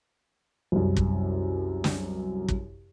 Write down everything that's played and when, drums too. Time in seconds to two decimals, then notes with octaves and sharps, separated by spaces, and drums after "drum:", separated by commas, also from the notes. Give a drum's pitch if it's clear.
0.72 C2 F#2
0.97 drum: kick
1.84 drum: snare
2.48 drum: kick